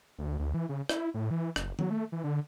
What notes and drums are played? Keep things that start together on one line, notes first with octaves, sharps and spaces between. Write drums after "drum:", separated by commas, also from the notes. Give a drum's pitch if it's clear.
D2
D2
E3
C#3
E4, drum: rim click
A2
E3
F#1, drum: rim click
F#3, drum: tom D#3
A3
E3
D3